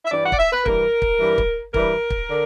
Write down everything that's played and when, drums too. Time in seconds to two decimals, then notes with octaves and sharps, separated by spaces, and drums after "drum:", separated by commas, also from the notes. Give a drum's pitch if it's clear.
0.05 E5
0.11 G2 E3 G3 D5
0.25 F#5
0.32 D5, drum: kick
0.38 E5
0.51 B4
0.66 G2 E3 G3 A#4, drum: kick
1.02 drum: kick
1.19 G2 E3 G3
1.38 drum: kick
1.74 G2 E3 G3 A#4, drum: kick
2.10 drum: kick
2.30 D3